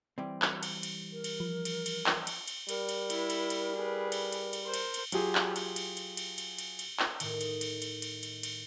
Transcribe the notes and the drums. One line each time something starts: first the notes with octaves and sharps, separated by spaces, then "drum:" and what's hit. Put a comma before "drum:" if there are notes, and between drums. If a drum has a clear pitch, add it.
E3 G3 C4
drum: clap
drum: cymbal
drum: cymbal
A#4
drum: cymbal
F3
drum: cymbal
drum: cymbal
drum: clap
drum: cymbal
drum: cymbal
G3 A#4, drum: cymbal
drum: cymbal
E4, drum: cymbal
drum: cymbal
drum: cymbal
G#4 B4
drum: cymbal
drum: cymbal
drum: cymbal
A#4 C5
drum: cymbal
drum: cymbal
F#3 F4 G4 G#4, drum: cymbal
drum: clap
drum: cymbal
drum: cymbal
drum: cymbal
drum: cymbal
drum: cymbal
drum: cymbal
drum: cymbal
drum: clap
A2 D#3, drum: cymbal
drum: cymbal
drum: cymbal
drum: cymbal
drum: cymbal
drum: cymbal
drum: cymbal